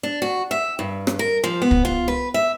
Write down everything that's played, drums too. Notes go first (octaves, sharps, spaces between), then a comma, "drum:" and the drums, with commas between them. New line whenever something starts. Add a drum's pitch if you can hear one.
D4
F#4
E5
G2
drum: rim click
A#4
F3
B3
drum: kick
F4
B4
E5